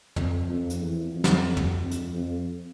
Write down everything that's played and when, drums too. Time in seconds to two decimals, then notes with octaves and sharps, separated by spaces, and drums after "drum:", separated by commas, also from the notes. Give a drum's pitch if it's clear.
0.16 F2, drum: tom
0.49 F2
0.70 drum: hi-hat
0.82 E2
1.15 F2
1.24 drum: snare
1.57 drum: tom
1.80 F2
1.92 drum: hi-hat
2.13 F2